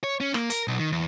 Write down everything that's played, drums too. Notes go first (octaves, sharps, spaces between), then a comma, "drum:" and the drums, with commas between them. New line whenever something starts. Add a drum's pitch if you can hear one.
C#5
C#4
A#3, drum: rim click
A#4, drum: hi-hat
B1
D#3
E2